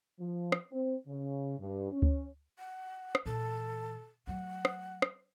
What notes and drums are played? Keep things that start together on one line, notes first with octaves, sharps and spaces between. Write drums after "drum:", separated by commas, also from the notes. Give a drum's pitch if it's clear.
F3
drum: rim click
C4
C#3
G2
C#4
drum: kick D2
F#5
drum: rim click
A#2 E3 A4
F#3 A3 F#5
drum: rim click
drum: rim click